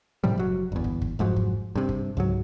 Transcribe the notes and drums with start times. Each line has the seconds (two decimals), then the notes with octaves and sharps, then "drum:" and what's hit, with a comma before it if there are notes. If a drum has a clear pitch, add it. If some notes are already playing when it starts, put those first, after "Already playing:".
0.24 A2 C3 F3 G3
0.37 F#1 F#3
0.72 G1 E2
0.84 drum: kick
1.02 drum: kick
1.19 F1 G#2 F3 F#3
1.36 drum: kick
1.75 G2 C3
1.89 drum: kick
2.17 C#2 G#2 F#3